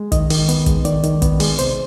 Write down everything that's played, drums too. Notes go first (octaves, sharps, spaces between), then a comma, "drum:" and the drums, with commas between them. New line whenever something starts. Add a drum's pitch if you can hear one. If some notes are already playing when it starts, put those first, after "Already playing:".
Already playing: G#3
D#3 D#5, drum: kick, hi-hat
D#3, drum: open hi-hat
B3, drum: hi-hat
G#3, drum: kick, hi-hat
D#3 D5, drum: hi-hat
D#3, drum: hi-hat
B3, drum: kick, hi-hat
G#3, drum: open hi-hat
C3 C5, drum: hi-hat